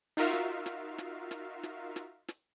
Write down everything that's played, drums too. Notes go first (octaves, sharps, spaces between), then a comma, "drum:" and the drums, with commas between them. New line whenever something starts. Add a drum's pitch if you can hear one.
D#4 F4 F#4 A#4 E5 F5
drum: snare
drum: snare
drum: snare
drum: snare
drum: snare
drum: snare
drum: snare